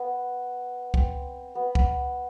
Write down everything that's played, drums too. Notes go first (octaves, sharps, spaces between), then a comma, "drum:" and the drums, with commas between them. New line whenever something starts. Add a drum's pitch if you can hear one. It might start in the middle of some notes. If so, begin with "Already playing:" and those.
Already playing: B3
C4, drum: kick
B3
drum: kick